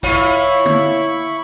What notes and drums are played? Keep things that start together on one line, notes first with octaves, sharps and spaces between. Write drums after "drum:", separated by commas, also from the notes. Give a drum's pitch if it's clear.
E3 E4 F4 C#5 B5 C#6, drum: kick
drum: tom